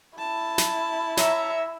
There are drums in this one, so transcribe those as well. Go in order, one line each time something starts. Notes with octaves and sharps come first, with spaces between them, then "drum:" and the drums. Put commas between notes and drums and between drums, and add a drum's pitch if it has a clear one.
E4 A5
drum: snare
C#5 E5 A#5 E6, drum: snare